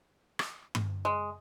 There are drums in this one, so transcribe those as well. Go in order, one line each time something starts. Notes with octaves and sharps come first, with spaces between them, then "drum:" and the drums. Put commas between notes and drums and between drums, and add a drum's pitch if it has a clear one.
drum: rim click
drum: tom G2
G#3